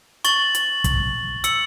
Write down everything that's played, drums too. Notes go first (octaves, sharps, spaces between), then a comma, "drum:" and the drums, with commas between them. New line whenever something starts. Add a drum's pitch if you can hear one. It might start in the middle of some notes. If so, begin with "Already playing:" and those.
C#6 A6 F#7, drum: hi-hat
drum: hi-hat
drum: kick, hi-hat
E6 C#7 F#7, drum: hi-hat